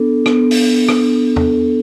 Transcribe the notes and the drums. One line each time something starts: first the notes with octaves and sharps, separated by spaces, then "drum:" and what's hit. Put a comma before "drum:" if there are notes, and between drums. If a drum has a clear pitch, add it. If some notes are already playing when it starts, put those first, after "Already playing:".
Already playing: B3 D4 A4
B3, drum: rim click
drum: open hi-hat
B3
drum: rim click
D4
A4, drum: tom E2